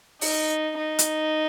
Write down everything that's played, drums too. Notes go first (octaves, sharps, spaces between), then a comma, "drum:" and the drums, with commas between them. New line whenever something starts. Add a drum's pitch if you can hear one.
D#4, drum: open hi-hat
D#4
drum: hi-hat